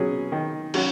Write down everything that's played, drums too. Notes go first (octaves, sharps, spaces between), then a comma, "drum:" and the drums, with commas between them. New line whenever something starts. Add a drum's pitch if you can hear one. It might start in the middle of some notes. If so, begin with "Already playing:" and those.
Already playing: B2 F#3 C#4 G#4
D#3
F#3 C#4 F#4, drum: cymbal